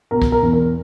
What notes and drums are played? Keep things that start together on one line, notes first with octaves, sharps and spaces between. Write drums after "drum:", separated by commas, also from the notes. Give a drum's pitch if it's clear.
B2 A#4
drum: kick
A#4
E2
A#4